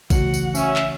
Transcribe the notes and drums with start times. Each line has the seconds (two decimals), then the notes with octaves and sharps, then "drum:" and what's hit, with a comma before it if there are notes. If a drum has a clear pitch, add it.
0.10 C#3 E3 A3 F#4 F#5, drum: kick A1, tambourine
0.34 drum: tambourine
0.55 C#4 E5, drum: tambourine
0.76 drum: clap